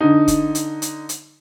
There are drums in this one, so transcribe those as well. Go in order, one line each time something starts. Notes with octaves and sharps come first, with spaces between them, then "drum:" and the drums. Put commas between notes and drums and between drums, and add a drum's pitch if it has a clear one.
D3 D#4
drum: kick, hi-hat
drum: hi-hat
drum: hi-hat
drum: hi-hat